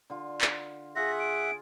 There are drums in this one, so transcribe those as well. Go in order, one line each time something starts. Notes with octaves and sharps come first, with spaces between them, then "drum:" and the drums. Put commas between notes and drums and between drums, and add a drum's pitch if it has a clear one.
D3 F4
drum: clap
F4 G#4 E5 F#5 A#6
D7